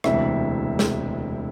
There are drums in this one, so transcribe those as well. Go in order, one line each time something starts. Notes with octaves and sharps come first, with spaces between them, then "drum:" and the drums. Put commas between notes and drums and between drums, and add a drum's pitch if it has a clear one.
E1 D2 C3 E4 E5, drum: rim click
drum: snare